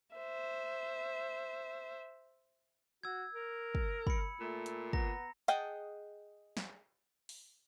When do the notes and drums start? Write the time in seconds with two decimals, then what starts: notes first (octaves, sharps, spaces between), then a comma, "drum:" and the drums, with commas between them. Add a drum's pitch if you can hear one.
0.16 C5 E5
3.03 F#4 E6 G#6
3.34 A#4
3.75 drum: kick
4.07 B5 C#7, drum: kick
4.40 A#2 A3
4.66 drum: hi-hat
4.93 B3 A#5 A#6, drum: kick
5.48 G#4 D#5 F#5 G5 A5, drum: hi-hat
6.57 drum: snare
7.29 drum: open hi-hat